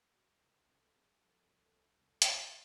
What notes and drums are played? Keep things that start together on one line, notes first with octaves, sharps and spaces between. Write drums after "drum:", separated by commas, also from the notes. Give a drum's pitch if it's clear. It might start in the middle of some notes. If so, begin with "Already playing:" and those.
C2 F#4
A4
C2
A#4
C2
A4
C2 G#4
G4
F3
A4
A#4
C2
A4
A4
C2 A#4
C2
A4
A#2, drum: hi-hat
G4
G#4
G4